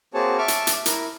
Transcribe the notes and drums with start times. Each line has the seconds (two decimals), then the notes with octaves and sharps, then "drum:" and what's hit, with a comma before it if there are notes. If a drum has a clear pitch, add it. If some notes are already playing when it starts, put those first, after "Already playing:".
0.14 A#3 C4 F#4 G#4 C#5 A5
0.38 E5 A5 C#6 D6 F6
0.48 drum: hi-hat
0.67 drum: hi-hat
0.86 E4 A#4, drum: hi-hat